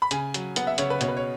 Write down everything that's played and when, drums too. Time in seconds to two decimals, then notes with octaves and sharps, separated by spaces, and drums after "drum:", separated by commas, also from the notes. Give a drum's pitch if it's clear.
0.02 B5
0.11 C#3 G#5, drum: hi-hat
0.34 F#3, drum: hi-hat
0.56 B3 F#5, drum: hi-hat
0.67 E5
0.78 C#3 C#5, drum: hi-hat
0.90 B4
1.01 B2 C#5, drum: hi-hat
1.08 B4
1.17 C#5